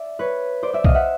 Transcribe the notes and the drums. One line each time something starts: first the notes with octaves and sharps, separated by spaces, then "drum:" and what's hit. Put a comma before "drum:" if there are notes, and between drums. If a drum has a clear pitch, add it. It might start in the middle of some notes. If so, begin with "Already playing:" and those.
Already playing: D5 E5
B4 C#5
C5 D5
D5 E5
D#5 F5, drum: kick B1
E5 F#5